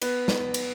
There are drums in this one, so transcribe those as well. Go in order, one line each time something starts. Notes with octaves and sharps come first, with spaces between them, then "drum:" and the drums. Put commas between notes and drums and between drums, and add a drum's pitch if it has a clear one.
B3 B4, drum: cymbal
drum: snare
drum: cymbal